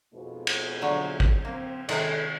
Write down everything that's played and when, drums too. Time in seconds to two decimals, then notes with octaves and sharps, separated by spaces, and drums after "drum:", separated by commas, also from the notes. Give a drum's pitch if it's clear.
0.14 F2 G#2 B2
0.47 drum: cymbal
0.82 D3 F#3 C#5
1.20 drum: kick
1.45 A#3 C4
1.89 C3 D#3 G#3 A4 B4 C#5, drum: cymbal